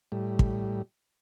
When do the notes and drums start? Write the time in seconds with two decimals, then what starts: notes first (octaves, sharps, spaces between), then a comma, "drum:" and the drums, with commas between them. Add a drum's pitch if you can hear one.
0.12 A2 G3
0.39 drum: kick